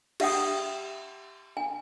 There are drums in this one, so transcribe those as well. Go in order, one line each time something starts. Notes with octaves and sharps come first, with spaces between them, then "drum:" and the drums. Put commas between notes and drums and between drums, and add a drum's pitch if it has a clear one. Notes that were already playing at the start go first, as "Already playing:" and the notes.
G4 E5 F#5 G5 D#6, drum: cymbal
G#5